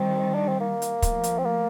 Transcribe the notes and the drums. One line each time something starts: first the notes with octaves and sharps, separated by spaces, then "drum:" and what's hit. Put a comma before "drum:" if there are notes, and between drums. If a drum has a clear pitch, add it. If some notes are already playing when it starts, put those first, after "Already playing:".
Already playing: D#3 G3 C4
D4
C4
A#3
drum: hi-hat
F3 A3, drum: kick, hi-hat
drum: hi-hat
C4
A#3